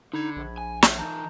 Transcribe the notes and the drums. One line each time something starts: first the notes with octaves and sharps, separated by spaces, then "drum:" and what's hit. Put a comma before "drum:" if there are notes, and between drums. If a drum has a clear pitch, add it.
D3 D#4 B5 G#6
A#1
G#5
C#5 E5, drum: snare
E3 D#4 A5 A#5 G6